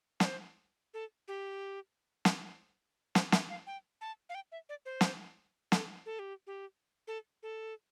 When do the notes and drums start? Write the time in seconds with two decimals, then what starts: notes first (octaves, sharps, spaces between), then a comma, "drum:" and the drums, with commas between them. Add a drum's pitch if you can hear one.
0.20 D5, drum: snare
0.25 C5
0.94 A4
1.28 G4
2.25 drum: snare
3.15 C5, drum: snare
3.32 E5, drum: snare
3.50 F5
3.67 G5
4.01 A5
4.29 F5
4.35 G5
4.52 E5
4.69 D5
4.86 C5
5.01 drum: snare
5.72 A4, drum: snare
6.06 A4
6.19 G4
6.47 G4
7.07 A4
7.43 A4